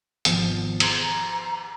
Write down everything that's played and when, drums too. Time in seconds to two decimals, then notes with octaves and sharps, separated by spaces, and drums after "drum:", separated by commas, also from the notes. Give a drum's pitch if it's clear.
0.25 G#1 B2 F3, drum: hi-hat
0.80 A#5 C6 G#6 D7, drum: cymbal